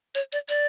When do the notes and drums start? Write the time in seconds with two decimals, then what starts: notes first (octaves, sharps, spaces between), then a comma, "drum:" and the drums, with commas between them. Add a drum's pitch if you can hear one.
0.15 C#5, drum: hi-hat
0.32 D5, drum: hi-hat
0.49 D5, drum: hi-hat